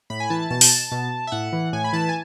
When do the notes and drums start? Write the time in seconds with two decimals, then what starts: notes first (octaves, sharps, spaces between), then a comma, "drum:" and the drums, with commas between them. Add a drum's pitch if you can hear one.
0.10 A2 B5
0.20 G#5
0.30 E3 A5
0.50 B2 A5
0.61 drum: open hi-hat
0.92 B2
1.27 E5
1.32 A2 F#5
1.53 E3
1.73 A2 G#5
1.84 B5
1.93 E3 A5
2.09 G#5